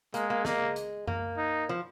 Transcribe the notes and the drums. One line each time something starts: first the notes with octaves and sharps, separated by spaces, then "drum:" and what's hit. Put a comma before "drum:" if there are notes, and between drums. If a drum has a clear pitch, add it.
G#3 A#3, drum: hi-hat
A#3
G#3 A#3, drum: snare
drum: hi-hat
A#3, drum: tom F#2
D#4
F3